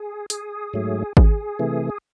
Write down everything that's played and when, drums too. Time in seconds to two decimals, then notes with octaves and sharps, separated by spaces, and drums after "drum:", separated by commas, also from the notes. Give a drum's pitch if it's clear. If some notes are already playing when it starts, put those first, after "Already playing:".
Already playing: G#4
0.30 G#4, drum: hi-hat
0.73 G#2 F#3 A3
1.17 G#4, drum: kick G#1
1.59 C3 E3 A3